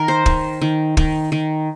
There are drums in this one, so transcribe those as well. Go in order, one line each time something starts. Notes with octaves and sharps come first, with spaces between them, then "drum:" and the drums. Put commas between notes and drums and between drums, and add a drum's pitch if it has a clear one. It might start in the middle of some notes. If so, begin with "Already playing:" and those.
Already playing: D#3 A#4
C5
D#3, drum: kick
D#3
D#3, drum: kick
D#3